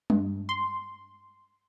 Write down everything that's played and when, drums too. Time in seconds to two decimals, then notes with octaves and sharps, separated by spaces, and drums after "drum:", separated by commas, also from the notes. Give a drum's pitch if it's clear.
0.10 G2, drum: tom G3
0.49 C6